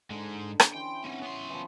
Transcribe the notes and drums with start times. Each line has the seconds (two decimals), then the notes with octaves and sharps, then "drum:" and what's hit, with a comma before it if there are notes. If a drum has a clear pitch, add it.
0.10 G#2 D3 G#3
0.60 drum: rim click
0.74 E3 C#4 G5 C6
1.04 C4 C#4 C#5 F#5
1.22 B3 C#5 C6
1.50 E3 F3